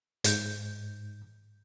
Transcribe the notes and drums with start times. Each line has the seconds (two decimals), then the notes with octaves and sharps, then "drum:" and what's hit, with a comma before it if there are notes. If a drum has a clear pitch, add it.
0.24 G#2 G6, drum: hi-hat